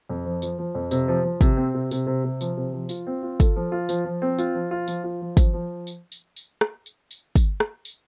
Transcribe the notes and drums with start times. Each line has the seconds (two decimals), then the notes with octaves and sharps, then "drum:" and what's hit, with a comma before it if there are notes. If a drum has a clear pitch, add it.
0.09 F2
0.25 F3
0.42 F3, drum: tambourine
0.58 F3
0.75 F2
0.91 C3, drum: tambourine
1.08 F3
1.24 F3
1.41 C3, drum: kick, tambourine
1.57 C4
1.74 C3
1.91 C3, drum: tambourine
2.07 C3
2.24 C3
2.41 F3, drum: tambourine
2.57 C3
2.73 F3
2.89 F4, drum: tambourine
3.07 C4
3.23 F4
3.40 A4, drum: kick, tambourine
3.56 F3
3.72 F4
3.89 F3, drum: tambourine
4.05 F3
4.22 C4
4.39 F4, drum: tambourine
4.55 F3
4.71 F4
4.88 F3, drum: tambourine
5.04 F4
5.21 F3
5.37 F3, drum: kick, tambourine
5.53 F3
5.87 drum: tambourine
6.12 drum: tambourine
6.36 drum: tambourine
6.61 drum: rim click
6.86 drum: tambourine
7.11 drum: tambourine
7.36 drum: kick, tambourine
7.60 drum: rim click
7.85 drum: tambourine